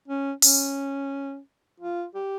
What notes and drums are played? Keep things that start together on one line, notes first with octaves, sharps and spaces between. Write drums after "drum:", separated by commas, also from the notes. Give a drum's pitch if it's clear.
C#4
C#4, drum: open hi-hat
F4
G4